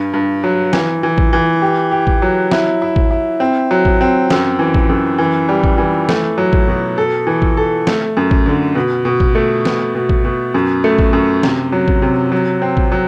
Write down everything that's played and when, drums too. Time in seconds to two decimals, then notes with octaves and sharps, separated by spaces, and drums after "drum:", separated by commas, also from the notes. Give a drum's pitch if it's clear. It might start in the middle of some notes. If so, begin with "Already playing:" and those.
Already playing: G2
0.14 G2
0.44 F#3
0.73 E3, drum: snare
1.03 E3
1.18 drum: kick A1
1.33 E3
1.62 G4
1.91 G4
2.07 drum: kick A1
2.22 F#3
2.51 E4, drum: snare
2.82 E4
2.96 drum: kick A1
3.11 E4
3.40 C4
3.71 F#3
3.85 drum: kick A1
4.01 C4
4.30 F#2, drum: snare
4.59 E3
4.74 drum: kick A1
4.89 F#2
5.18 E3
5.49 G3
5.64 drum: kick A1
5.78 E3
6.09 A3, drum: snare
6.38 F#3
6.53 drum: kick A1
6.68 B2
6.98 A4
7.27 E3
7.42 drum: kick A1
7.57 A4
7.87 A3, drum: snare
8.17 F#2
8.31 drum: kick A1
8.46 D3
8.75 B2
9.05 B2
9.20 drum: kick A1
9.35 A3
9.65 B2, drum: snare
9.95 B2
10.09 drum: kick A1
10.24 B2
10.54 F#2
10.84 A3
10.99 drum: kick A1
11.13 F#2
11.43 C3, drum: snare
11.72 F#3
11.88 drum: kick A1
12.02 C3
12.32 F#3
12.62 C4
12.77 drum: kick A1
12.92 F#3